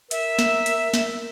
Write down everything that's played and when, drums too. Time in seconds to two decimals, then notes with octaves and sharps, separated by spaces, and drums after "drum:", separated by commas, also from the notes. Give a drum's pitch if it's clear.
0.11 A#4 E5, drum: hi-hat
0.39 drum: snare
0.66 drum: hi-hat
0.94 drum: snare